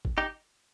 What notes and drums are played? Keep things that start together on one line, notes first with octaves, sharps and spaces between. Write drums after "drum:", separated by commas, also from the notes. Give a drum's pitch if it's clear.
drum: kick G#1
D#4 G4